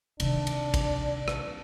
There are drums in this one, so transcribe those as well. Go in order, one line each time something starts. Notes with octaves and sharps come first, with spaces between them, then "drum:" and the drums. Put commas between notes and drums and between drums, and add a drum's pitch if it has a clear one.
C3 D#3 D4, drum: cymbal
drum: cymbal
drum: kick A1, cymbal
drum: rim click